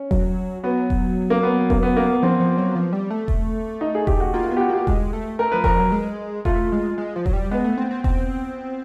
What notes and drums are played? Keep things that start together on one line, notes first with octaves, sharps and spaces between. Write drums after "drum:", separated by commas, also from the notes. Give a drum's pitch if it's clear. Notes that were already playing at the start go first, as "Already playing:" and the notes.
Already playing: C#4
F#3, drum: kick E1
F#3 B3
drum: kick E1
A#3
B3
A#3, drum: kick E1
B3
A#3
B3
F3 C4
F3
F#3
F3
G3
A3
drum: kick E1
D#4
G#4
G4, drum: kick E1
F#4
A#3 F4
F#4
B3
G4
F#4
A#3 G4
G#3, drum: kick E1
A3
A3 A#4
F3 B4
F3 A#4, drum: kick E1
F#3
G#3
A3 F4, drum: kick E1
G#3
G#3
F3
F#3, drum: kick E1
G3
G#3 B3
A3
C4
C4
C4, drum: kick E1